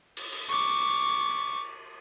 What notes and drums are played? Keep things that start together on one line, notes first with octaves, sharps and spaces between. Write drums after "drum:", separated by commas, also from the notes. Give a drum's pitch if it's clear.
drum: cymbal
drum: cymbal
C#6 D6, drum: cymbal